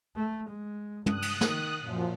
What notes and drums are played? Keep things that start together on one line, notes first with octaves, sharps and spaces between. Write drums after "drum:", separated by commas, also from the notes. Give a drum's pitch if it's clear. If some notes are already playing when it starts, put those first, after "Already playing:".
A3
G#3
G2 D#6 F#6, drum: tom
drum: cymbal
D#3, drum: snare
F#2 A#2 F3